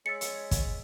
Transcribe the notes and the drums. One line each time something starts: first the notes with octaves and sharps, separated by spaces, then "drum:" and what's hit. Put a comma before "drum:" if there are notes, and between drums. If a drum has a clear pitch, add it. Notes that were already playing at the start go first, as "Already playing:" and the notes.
G#3 C#5 E6 A6 B6 C#7
drum: hi-hat
drum: kick, hi-hat